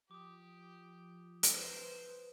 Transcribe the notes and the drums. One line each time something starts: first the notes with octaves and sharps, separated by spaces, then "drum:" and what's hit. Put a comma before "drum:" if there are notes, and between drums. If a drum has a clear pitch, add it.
F3 G4 D6 D#6
drum: hi-hat
B4 C5